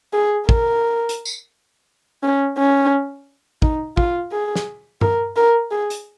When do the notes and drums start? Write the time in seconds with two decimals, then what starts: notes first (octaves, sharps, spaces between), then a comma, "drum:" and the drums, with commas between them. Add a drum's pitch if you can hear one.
0.13 G#4
0.49 A#4, drum: kick
1.09 drum: hi-hat
1.25 drum: tambourine
2.23 C#4
2.58 C#4
3.62 D#4, drum: kick
3.97 F4, drum: kick
4.32 G#4
4.56 drum: snare
5.01 A#4, drum: tom G2
5.36 A#4
5.71 G#4
5.90 drum: hi-hat